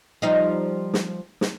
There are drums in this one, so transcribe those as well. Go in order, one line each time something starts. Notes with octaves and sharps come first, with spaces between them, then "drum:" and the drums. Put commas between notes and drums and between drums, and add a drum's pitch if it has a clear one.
F3 G3 D#4
drum: snare
drum: snare